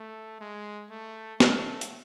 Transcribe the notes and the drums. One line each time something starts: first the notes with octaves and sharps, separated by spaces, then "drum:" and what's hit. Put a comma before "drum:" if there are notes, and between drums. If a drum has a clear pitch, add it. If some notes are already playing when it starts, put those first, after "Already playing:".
Already playing: A3
G#3
A3
A3, drum: snare
drum: hi-hat